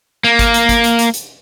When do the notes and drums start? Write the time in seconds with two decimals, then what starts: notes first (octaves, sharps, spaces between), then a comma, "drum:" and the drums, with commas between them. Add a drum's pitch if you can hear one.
0.24 A#3
0.39 drum: kick G#1, hi-hat
0.54 drum: hi-hat
0.69 drum: kick G#1, hi-hat
0.84 drum: hi-hat
0.99 drum: hi-hat
1.14 drum: hi-hat